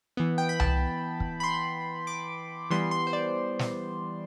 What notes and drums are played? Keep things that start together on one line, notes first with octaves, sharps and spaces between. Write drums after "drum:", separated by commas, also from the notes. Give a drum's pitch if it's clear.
E3 B3
G5
B5
A5, drum: tom C2
drum: kick
B5
C6
D6
E3 G3 B3 C6
C6
C5
D5
drum: snare